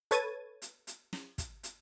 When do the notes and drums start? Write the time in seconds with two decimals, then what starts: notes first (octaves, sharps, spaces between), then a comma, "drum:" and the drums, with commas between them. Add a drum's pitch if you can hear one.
0.11 A4 B4 C#5 G#6 A6 D#7, drum: hi-hat
0.62 drum: hi-hat
0.87 drum: hi-hat
1.13 drum: snare
1.38 drum: kick, hi-hat
1.63 drum: hi-hat